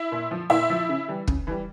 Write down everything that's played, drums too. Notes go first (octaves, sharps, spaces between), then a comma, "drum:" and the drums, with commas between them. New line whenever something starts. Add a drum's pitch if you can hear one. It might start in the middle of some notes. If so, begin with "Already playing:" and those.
Already playing: E4 E5
A#2
F3
A#2 E4 E5
F3
C#3
E3 G3
C#3, drum: kick
E3 G3